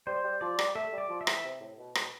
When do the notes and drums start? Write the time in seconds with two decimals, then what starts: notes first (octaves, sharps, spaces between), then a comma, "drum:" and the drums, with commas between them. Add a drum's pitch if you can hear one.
0.07 G3 C5
0.24 G3
0.41 F3 D5
0.59 G3, drum: rim click
0.75 A3 E5
0.92 G3
0.98 D5
1.09 F3
1.21 E5
1.27 E3, drum: rim click
1.44 C3
1.60 A2
1.78 B2
1.95 B2, drum: rim click